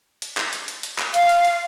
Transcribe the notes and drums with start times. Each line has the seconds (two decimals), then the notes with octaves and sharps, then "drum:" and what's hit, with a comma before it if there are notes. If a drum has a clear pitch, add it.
0.22 drum: hi-hat
0.37 drum: clap
0.53 drum: hi-hat
0.68 drum: hi-hat
0.83 drum: hi-hat
0.99 drum: clap
1.14 F5, drum: hi-hat
1.29 drum: hi-hat
1.45 drum: hi-hat